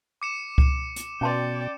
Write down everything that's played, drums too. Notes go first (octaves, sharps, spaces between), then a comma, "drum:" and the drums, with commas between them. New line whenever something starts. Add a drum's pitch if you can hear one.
D6 C#7 E7
drum: kick C#2
drum: hi-hat
B2 C#4 D5 G5 A5 C6